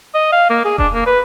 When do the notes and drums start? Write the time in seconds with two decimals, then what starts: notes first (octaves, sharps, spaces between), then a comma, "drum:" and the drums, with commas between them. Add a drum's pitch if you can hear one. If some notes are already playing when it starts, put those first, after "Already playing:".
0.14 D#5
0.32 F5
0.50 A#3
0.65 G#4
0.78 D4, drum: kick E1
0.94 A#3
1.06 B4